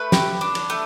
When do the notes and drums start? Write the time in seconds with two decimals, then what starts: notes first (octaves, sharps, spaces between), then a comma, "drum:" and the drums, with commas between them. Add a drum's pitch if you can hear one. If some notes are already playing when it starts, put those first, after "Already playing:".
Already playing: A3 B4
0.12 G4, drum: snare
0.41 D4
0.55 drum: cymbal
0.70 A3